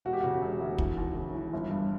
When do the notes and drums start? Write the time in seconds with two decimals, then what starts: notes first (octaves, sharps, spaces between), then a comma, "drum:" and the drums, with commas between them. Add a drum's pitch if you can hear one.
0.05 E1 F#4
0.13 G4
0.21 C#3 F#4
0.42 E1
0.60 D2
0.78 E3, drum: kick
0.97 D#2
1.15 C#3
1.35 E3
1.53 G1
1.71 G2